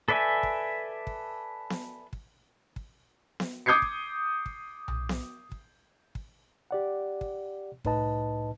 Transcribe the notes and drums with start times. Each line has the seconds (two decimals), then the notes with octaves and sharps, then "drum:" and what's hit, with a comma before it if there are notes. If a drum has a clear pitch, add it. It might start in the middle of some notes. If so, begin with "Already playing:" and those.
0.08 A4 B4 D5 E5 G#5
0.43 drum: kick
1.07 drum: kick
1.70 drum: snare B3
2.13 drum: kick
2.76 drum: kick
3.40 drum: snare B3
3.66 D6 D#6 G6 G#6 C7 C#7
3.82 drum: kick
4.46 drum: kick
4.88 drum: tom B1
5.09 drum: snare B3
5.52 drum: kick
6.15 drum: kick
6.71 G4 D5 F#5
7.21 drum: kick
7.85 C2 A2 D#4 B4 D#5 A5, drum: kick